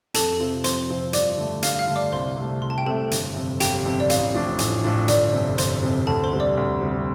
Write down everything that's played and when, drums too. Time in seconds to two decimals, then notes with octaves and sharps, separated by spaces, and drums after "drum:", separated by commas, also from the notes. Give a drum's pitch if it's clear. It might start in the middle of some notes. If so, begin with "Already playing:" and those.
0.14 F2 A4 A5, drum: hi-hat
0.40 C3 F3 C4
0.64 F2 C5 C6, drum: hi-hat
0.89 C3 F3 C4
1.13 G2 D5 D6, drum: hi-hat
1.38 D3 A3
1.62 G2 F5 F6, drum: hi-hat
1.79 F5 F6
1.87 D3 A3
1.96 D5 D6
2.12 C2 C5 C6
2.36 C3 A3
2.61 C2 C6
2.70 A5
2.78 G5
2.86 C3 A3 A4 A5
3.11 G1, drum: hi-hat
3.35 F2 C3
3.60 G1 G4 G5, drum: hi-hat
3.85 F2 C3
4.00 D5
4.10 A1 F5, drum: hi-hat
4.34 A2 F3 D4
4.59 A1, drum: hi-hat
4.84 A2 F3 D4
5.08 G1 D5, drum: hi-hat
5.33 F2 C3
5.58 G1 C5 C6, drum: hi-hat
5.83 F2 C3
6.07 D2 A4 A5
6.24 C5 C6
6.32 C3 G3
6.40 D5 D6
6.57 D2
6.81 C3 G3